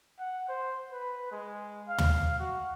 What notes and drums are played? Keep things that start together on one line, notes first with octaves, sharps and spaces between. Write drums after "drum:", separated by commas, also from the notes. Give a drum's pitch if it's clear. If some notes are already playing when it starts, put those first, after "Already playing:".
F#5
C5
B4
G#3
F5
drum: tom
F#4